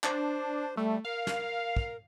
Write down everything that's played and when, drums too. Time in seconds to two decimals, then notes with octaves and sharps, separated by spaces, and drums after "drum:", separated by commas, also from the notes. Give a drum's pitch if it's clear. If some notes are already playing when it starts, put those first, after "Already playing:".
0.04 D4 C5, drum: clap
0.77 G3 A3
1.05 A#4 F5
1.27 drum: snare
1.77 drum: kick